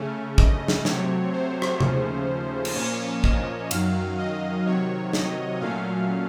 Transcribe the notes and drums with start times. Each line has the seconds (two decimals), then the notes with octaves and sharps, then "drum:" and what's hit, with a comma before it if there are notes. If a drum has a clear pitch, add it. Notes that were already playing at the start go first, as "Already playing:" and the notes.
Already playing: C#3 A3 C#4
0.38 D#5, drum: kick
0.68 drum: snare
0.85 C3 F#3 A3 C4 C#5, drum: snare
1.33 C5
1.62 drum: rim click
1.80 D#2 C#3 F3 A3 C#4, drum: tom C3
2.65 drum: cymbal
2.75 A#2 F3 A#3 C#4 C#5
3.24 D#5, drum: kick
3.71 F#2 D#3 F#3 F5, drum: cymbal
4.18 D#5
4.66 C3 D#3 F#3 C#5
5.13 D#5, drum: snare
5.61 A#2 F#3 A3 C#4 F5